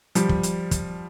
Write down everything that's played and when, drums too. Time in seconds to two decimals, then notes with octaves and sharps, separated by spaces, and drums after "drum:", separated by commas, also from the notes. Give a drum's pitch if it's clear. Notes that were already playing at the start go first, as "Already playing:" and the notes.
0.15 F3 G3, drum: hi-hat
0.29 drum: kick
0.43 drum: hi-hat
0.71 drum: kick, hi-hat